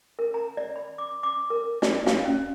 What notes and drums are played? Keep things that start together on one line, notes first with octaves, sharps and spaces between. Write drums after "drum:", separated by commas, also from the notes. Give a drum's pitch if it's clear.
A#4
A#5
D5
B5
D6
D6
A#4
D5, drum: snare
F5, drum: snare
C#4